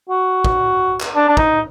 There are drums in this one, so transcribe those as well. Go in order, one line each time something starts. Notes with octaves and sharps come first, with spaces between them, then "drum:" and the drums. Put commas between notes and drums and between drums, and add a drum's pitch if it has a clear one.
F#4
drum: kick
drum: clap
D4
D4
D#4, drum: kick